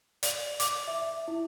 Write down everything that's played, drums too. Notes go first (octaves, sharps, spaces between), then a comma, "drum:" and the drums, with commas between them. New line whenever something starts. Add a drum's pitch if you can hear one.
D5, drum: hi-hat
D6, drum: hi-hat
E5
E5
E4